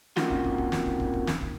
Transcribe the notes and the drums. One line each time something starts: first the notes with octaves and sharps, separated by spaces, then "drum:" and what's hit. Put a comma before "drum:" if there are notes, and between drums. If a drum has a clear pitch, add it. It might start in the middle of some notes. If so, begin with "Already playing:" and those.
A#3 C4 C#4 D#4 F4 F#4, drum: snare
drum: kick
drum: kick
drum: kick
drum: snare
drum: kick
drum: kick
drum: kick
drum: snare
drum: kick